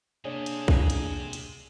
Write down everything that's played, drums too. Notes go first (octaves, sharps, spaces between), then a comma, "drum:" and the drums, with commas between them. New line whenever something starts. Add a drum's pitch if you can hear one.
C3 A#3 D4 G#4 C#5 D5
drum: hi-hat
drum: kick
drum: hi-hat
drum: hi-hat